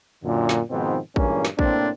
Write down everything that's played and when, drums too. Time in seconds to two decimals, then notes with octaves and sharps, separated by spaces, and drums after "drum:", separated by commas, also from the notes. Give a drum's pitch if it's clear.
0.23 F#2 A#2 D3
0.49 drum: snare
0.70 G#2 B2 D#3 F3 B3 C4
1.16 G2 A#2 E3 G#3 A#3 C#4, drum: kick
1.45 drum: snare
1.59 C2 A2 A#3 C4 D4 C5, drum: kick